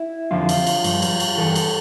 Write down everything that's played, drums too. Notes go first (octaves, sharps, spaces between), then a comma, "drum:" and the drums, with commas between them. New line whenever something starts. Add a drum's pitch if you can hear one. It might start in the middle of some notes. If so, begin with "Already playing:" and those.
Already playing: E4
F2 D3 F3 F4
drum: cymbal
drum: cymbal
G2 F3, drum: cymbal
drum: cymbal
drum: cymbal
G2 E3 A4
drum: cymbal